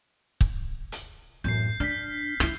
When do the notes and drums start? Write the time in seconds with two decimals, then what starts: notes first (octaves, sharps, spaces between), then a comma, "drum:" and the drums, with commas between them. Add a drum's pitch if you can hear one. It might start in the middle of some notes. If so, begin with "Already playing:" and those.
0.41 drum: kick
0.92 drum: hi-hat
1.44 A1 F#2 G6 C7
1.80 D4 F6 B6
2.40 D#4 E4 G7, drum: rim click